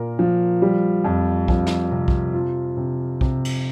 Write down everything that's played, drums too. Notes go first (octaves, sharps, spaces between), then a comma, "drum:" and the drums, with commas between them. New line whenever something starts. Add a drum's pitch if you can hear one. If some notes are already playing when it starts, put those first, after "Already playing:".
Already playing: A#2 A#4
F3
G3
F2
F2, drum: kick B1
drum: snare
C3
drum: kick B1
F4
C3
C3, drum: kick B1
drum: cymbal